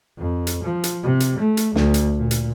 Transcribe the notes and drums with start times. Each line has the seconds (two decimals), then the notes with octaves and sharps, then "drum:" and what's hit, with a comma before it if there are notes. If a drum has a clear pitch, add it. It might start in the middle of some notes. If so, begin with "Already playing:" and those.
0.18 F2
0.47 drum: hi-hat
0.64 F3
0.84 drum: hi-hat
1.04 C3
1.20 drum: hi-hat
1.39 A3
1.57 drum: hi-hat
1.76 D2, drum: snare
1.94 drum: hi-hat
2.18 A#2
2.31 drum: hi-hat